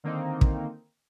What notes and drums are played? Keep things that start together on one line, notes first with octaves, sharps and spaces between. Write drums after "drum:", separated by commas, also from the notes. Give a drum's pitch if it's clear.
D3 D#3 A#3 C4 D#4
drum: kick